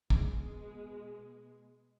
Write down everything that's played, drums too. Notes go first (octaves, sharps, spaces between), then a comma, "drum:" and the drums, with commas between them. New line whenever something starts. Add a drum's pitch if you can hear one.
B2 G#3, drum: kick